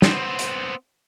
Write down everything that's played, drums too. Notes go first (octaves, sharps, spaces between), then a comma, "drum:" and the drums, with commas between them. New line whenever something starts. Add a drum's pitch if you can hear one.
B3 C4, drum: snare
drum: hi-hat